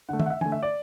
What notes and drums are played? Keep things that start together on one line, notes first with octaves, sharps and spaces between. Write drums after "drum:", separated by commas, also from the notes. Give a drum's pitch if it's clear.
D3 A3 F#5
E5, drum: tom
F#5
E5
D3 A3 G#5, drum: tom
E5
D5